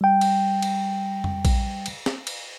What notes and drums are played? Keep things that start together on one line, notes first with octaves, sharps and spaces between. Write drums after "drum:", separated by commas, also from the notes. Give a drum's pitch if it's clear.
G3 G5
drum: cymbal
drum: cymbal
drum: tom F2
drum: kick A#1, cymbal
drum: cymbal
drum: snare
drum: cymbal